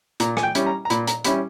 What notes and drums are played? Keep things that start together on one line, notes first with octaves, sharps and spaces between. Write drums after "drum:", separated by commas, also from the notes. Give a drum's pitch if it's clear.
A#2 A#5, drum: hi-hat
G#5, drum: rim click
G5
G3 C#4 E4, drum: hi-hat
A#5
A#5
A#2 B5, drum: hi-hat
A#5, drum: hi-hat
G3 C#4 E4 B5, drum: hi-hat